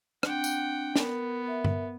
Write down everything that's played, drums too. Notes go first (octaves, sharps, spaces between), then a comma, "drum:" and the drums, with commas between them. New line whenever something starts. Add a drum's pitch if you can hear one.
C4 D4 F#5 G5, drum: rim click
drum: tambourine
B3 A#4, drum: snare
A#4 E5
drum: tom G2